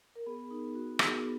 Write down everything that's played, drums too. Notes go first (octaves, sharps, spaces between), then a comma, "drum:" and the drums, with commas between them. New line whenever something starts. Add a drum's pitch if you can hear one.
A#4
B3 G#4
D#4
F#4
B3 G#4, drum: rim click
B3